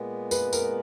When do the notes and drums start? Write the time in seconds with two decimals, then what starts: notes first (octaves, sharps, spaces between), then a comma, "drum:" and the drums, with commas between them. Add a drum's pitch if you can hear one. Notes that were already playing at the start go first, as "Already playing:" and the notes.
Already playing: A#2 G#3 B3
0.31 B4, drum: tambourine
0.53 A#4, drum: tambourine